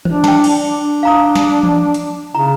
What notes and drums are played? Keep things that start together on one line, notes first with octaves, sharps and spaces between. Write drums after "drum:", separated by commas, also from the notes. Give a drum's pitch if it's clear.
D4 C5, drum: tom D#3
G5 A5, drum: snare
drum: cymbal
D4
F5 A#5 D#6
drum: snare
drum: tom E3
drum: hi-hat
C#3 A#5